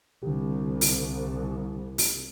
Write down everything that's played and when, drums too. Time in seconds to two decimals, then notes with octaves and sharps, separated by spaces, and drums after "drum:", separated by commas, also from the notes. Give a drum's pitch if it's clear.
0.23 C2 D3 G4
0.81 drum: open hi-hat
1.98 drum: open hi-hat